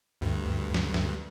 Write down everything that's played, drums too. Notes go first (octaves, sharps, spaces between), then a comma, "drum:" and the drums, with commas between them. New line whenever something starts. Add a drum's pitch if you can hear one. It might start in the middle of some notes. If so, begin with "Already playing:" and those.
D2 G2
drum: snare
drum: snare